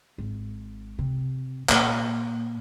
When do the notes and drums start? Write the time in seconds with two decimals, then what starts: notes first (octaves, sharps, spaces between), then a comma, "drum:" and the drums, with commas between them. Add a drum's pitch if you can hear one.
0.18 G#1
0.99 C3
1.69 A#2, drum: clap